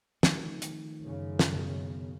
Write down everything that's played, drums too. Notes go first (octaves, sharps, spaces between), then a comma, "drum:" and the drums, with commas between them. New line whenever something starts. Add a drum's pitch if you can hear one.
D#3 F3 A3, drum: snare
drum: hi-hat
F#2 C#3
drum: snare
B2 D#3